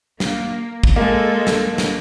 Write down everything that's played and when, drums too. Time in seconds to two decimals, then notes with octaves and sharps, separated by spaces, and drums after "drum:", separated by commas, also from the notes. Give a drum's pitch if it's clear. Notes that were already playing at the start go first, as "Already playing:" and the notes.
0.20 A#3, drum: snare
0.83 drum: kick
0.96 G#3 A#3 A4
1.47 drum: snare
1.78 drum: snare